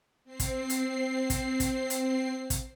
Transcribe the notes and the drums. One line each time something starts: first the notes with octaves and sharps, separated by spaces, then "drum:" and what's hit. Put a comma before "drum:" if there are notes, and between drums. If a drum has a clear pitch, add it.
C4 C7
drum: kick, hi-hat
drum: hi-hat
drum: kick, hi-hat
drum: kick, hi-hat
drum: hi-hat
drum: kick, hi-hat